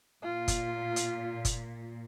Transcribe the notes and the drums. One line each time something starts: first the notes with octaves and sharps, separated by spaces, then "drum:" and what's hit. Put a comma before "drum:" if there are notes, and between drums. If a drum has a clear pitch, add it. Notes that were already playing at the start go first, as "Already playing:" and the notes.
A#2 F4
drum: kick F#1, hi-hat
drum: hi-hat
drum: kick F#1, hi-hat